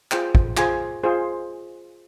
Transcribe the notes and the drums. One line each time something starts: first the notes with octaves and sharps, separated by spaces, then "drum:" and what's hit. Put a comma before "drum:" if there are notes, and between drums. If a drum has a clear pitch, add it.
F4 G#4 C5 G5, drum: clap
drum: kick
F4 G#4 C5 G#5, drum: clap
F4 G#4 C5